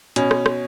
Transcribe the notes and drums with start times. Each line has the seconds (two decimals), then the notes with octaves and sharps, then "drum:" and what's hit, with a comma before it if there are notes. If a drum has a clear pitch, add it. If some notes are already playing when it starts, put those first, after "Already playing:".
0.16 B2 C#4, drum: hi-hat
0.31 drum: rim click
0.46 drum: rim click